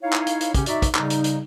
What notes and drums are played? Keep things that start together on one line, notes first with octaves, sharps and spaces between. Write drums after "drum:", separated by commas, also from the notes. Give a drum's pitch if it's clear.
D#4 E4 C#5 F5
drum: clap
drum: hi-hat
drum: hi-hat
C#3 C#4 G4, drum: kick, hi-hat
D#4 F#4 D5 E5, drum: hi-hat
drum: kick, hi-hat
C#3 G3 D#4, drum: clap
drum: hi-hat
drum: hi-hat